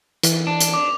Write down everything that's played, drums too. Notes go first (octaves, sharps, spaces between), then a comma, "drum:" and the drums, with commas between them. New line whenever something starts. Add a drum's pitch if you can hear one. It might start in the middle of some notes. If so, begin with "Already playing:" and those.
E3, drum: hi-hat
D4
drum: hi-hat
D6